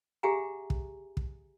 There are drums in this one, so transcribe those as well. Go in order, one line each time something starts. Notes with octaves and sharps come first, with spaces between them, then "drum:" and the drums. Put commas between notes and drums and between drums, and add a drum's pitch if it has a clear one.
G4 G#4 E5 F#5 G#5 A#5
drum: kick
drum: kick